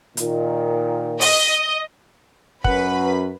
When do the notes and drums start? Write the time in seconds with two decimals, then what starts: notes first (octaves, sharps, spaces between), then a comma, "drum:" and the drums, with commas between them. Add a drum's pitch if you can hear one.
0.17 A#2 D#3, drum: hi-hat
1.21 D#5, drum: open hi-hat
2.64 F#2 B4 F#5 B5, drum: kick